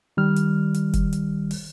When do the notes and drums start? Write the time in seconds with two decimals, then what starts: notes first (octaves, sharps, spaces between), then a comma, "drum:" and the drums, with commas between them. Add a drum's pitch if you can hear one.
0.17 D#3 G3 F6
0.36 drum: hi-hat
0.74 drum: hi-hat
0.93 drum: kick, hi-hat
1.13 drum: hi-hat
1.51 drum: open hi-hat